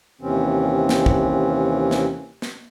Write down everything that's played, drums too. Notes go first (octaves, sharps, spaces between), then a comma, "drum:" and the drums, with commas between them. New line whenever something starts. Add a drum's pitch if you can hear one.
D#2 C3 E3 C4 C#4
drum: snare
drum: kick
drum: snare
drum: snare